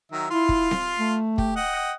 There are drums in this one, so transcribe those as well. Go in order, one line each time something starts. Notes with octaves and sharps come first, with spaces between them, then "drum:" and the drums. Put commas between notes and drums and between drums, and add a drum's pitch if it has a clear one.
D#3 F#3 E5
E4 F4 C6
drum: kick
drum: snare C4
A3
G4, drum: kick
D#5 F#5 G5